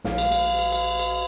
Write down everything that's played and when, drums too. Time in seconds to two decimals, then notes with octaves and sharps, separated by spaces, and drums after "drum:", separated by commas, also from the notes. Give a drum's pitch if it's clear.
0.04 A#1 F5, drum: snare
0.18 drum: cymbal
0.32 drum: cymbal
0.59 drum: cymbal
0.72 drum: cymbal
0.99 drum: cymbal